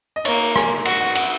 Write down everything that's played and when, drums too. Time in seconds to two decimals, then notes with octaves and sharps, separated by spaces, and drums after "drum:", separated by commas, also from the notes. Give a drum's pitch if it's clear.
0.16 D#5
0.25 A#3 C#5, drum: cymbal
0.56 G#5, drum: rim click
0.85 F#4 F#5, drum: cymbal
1.00 F#5
1.15 F#5, drum: cymbal